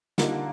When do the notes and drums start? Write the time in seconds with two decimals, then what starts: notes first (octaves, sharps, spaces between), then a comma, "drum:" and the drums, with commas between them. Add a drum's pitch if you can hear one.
0.18 D3 G3 A#3 D#4 F4, drum: snare